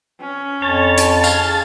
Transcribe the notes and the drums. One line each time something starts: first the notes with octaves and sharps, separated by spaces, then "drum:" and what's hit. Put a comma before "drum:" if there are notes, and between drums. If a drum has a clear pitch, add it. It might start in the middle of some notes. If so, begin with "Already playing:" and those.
C#4
F2 C#5 A5
drum: hi-hat
G#4 F5, drum: tambourine